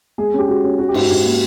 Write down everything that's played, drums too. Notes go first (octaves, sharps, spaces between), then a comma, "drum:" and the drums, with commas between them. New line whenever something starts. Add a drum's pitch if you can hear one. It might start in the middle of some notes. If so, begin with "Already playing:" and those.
G#3 G#4
C#4
G4
G#3 F#4
C#4
C#4 F#4
G4
G#2, drum: cymbal
F#4
G#2 G4
A#3